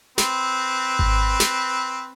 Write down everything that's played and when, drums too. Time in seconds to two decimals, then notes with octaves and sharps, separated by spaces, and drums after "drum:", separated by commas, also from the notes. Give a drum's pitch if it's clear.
0.18 C4 B4, drum: snare
0.99 drum: kick G#1
1.40 drum: snare